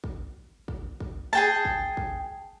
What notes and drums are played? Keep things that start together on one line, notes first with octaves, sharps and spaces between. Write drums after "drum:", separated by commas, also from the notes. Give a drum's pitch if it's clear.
drum: kick
drum: kick
drum: kick
G#4 G5 A5
drum: kick
drum: kick